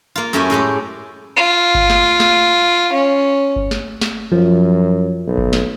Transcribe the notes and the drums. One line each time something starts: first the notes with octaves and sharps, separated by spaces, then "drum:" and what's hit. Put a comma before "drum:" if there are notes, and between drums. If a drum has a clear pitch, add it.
A#3 F4
F#2 A3 C#4 E4 G4 G#5
A2 G#3 A3 G4
F4
drum: kick G1
drum: snare
drum: snare
C#4
drum: kick G1
drum: snare
drum: snare
F#2 F3
B1
drum: kick G1
drum: snare